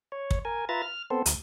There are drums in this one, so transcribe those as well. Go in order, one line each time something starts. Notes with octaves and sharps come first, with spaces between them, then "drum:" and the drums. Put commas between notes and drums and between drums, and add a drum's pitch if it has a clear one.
C#5
drum: kick
A#4 G#5
F4 B4 E5 A#5 A6
F6
B3 C4 A4 C5
D2, drum: hi-hat